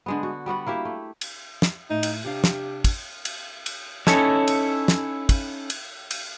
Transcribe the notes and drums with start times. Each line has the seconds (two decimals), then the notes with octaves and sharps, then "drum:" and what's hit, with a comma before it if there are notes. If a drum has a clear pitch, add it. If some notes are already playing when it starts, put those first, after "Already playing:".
0.06 D3 G#3 B3
0.23 F#4
0.46 G3 B3 F#4 F#5
0.67 A#3 E4 G4 E5
0.85 A3
1.21 drum: cymbal
1.62 drum: snare
1.90 A2 D#4
2.03 drum: cymbal
2.25 C3 D4 G4 F5
2.44 drum: snare
2.84 drum: kick, cymbal
3.25 drum: cymbal
3.66 drum: cymbal
4.07 C#4 D#4 E4 A4 C#5, drum: snare
4.48 drum: cymbal
4.88 drum: snare
5.29 drum: kick, cymbal
5.70 drum: cymbal
6.11 drum: cymbal